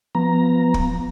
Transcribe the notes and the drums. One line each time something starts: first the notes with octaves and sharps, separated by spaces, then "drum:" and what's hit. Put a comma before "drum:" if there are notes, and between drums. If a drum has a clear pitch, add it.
F3 B3 A#5
drum: kick